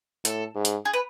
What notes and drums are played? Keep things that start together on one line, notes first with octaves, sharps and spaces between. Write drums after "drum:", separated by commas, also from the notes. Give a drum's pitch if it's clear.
A2 A4, drum: hi-hat
G#2
drum: hi-hat
G#4
B4